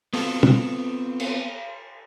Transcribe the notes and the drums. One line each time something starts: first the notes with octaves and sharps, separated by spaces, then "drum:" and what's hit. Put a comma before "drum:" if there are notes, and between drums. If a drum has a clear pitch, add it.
B3 C4 F4 A4, drum: open hi-hat
drum: tom
drum: cymbal